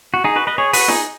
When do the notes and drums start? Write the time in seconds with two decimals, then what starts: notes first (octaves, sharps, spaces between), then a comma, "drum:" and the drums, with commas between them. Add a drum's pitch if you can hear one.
0.14 F#4
0.24 D#4 G#4
0.36 F#4 B4
0.47 B4 D#5
0.58 G#4 C#5
0.73 F#4 B4, drum: open hi-hat
0.88 D#4 G#4, drum: snare